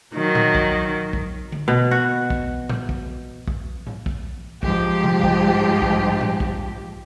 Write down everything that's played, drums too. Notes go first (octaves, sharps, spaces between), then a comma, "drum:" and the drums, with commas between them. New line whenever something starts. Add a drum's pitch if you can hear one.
D#3 F#3
drum: tom A2
drum: kick
drum: kick
drum: tom D3
B2
F#4
drum: kick
drum: tom A2
drum: kick
drum: kick
drum: tom A2
drum: kick
G#2 F3 G4, drum: kick
drum: tom C3
drum: kick
drum: kick
drum: tom A2
drum: kick